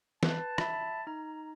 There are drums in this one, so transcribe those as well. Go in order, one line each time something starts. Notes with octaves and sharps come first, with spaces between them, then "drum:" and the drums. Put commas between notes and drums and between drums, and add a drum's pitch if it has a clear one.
B4 A5, drum: snare E3
E5 B5, drum: rim click
D#4 A#5